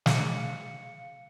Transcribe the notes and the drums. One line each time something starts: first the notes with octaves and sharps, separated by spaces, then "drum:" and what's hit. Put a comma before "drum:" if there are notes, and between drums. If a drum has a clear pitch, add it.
F5 C#7, drum: snare